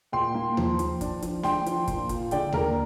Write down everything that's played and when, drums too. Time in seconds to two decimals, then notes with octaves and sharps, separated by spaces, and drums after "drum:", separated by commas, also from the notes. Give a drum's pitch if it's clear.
0.12 A#2 G5 C6
0.34 A#3
0.57 F3, drum: tom D#2
0.79 F3, drum: hi-hat
1.01 D4, drum: kick, hi-hat
1.22 F3, drum: hi-hat
1.43 D4 G5 C6, drum: snare
1.66 F3, drum: hi-hat
1.88 A#2, drum: kick, hi-hat
2.09 F4, drum: kick, hi-hat
2.31 D3 D5 G5, drum: hi-hat
2.53 A#3 A#4, drum: tom D#2